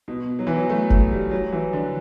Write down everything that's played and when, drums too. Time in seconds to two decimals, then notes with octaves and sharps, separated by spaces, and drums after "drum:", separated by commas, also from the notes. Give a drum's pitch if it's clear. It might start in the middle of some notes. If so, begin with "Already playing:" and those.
0.08 B2
0.39 F#3
0.47 E3
0.56 F#3
0.70 A3
0.90 A3, drum: kick F1
1.11 G3
1.31 F#3
1.52 E3
1.73 D3